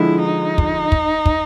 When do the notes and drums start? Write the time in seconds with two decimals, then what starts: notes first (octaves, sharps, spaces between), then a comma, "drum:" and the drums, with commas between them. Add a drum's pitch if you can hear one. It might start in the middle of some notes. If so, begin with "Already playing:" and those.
Already playing: D3 F3 G#3 E4
0.25 D#4
0.58 drum: kick
0.92 drum: kick
1.26 drum: kick